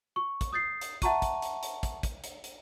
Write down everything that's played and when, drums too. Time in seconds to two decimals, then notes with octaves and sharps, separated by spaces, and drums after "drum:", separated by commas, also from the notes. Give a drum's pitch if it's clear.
0.16 C#6
0.41 drum: kick, hi-hat
0.53 D#6 G6 A6 C7
0.81 drum: hi-hat
1.02 E5 F#5 A5 A#5 C#6 D#7, drum: kick, hi-hat
1.22 drum: kick, hi-hat
1.42 drum: hi-hat
1.63 drum: hi-hat
1.83 drum: kick, hi-hat
2.03 drum: kick, hi-hat
2.24 drum: hi-hat
2.44 drum: hi-hat